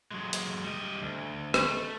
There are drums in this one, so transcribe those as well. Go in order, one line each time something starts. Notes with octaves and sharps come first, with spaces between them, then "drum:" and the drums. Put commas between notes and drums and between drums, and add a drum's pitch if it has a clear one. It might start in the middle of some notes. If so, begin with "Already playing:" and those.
F#3 G#3
drum: hi-hat
G3 D#5
D2
A3, drum: rim click